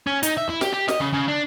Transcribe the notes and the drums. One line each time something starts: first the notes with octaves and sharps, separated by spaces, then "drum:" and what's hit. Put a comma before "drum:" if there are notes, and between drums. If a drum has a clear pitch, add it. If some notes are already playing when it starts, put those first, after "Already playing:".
C#4
D#4, drum: hi-hat
E5
E4
G4, drum: snare
G4
D#5, drum: snare
C#3
C#3
D4